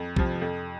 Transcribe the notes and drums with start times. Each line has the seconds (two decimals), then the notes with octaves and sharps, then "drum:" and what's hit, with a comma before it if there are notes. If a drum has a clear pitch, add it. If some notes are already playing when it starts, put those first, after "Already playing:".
Already playing: F2
0.16 C3 F3, drum: kick
0.42 F2